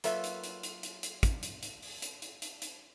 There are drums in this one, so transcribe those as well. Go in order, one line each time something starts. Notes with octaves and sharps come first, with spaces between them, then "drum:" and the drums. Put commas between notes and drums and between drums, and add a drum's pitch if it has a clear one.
F#3 A#3 F4 A4 B4 E5, drum: hi-hat
drum: hi-hat
drum: hi-hat
drum: hi-hat
drum: hi-hat
drum: hi-hat
drum: kick, hi-hat
drum: hi-hat
drum: hi-hat
drum: open hi-hat
drum: hi-hat
drum: hi-hat
drum: hi-hat
drum: hi-hat